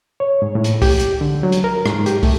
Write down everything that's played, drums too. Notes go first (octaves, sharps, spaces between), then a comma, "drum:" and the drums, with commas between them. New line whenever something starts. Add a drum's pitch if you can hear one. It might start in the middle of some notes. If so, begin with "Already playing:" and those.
C#5
G#2
A2
drum: hi-hat
G4, drum: kick, open hi-hat
drum: hi-hat
D3
F#3
drum: hi-hat
A#4
G#2, drum: rim click
G4, drum: hi-hat
A3, drum: kick, open hi-hat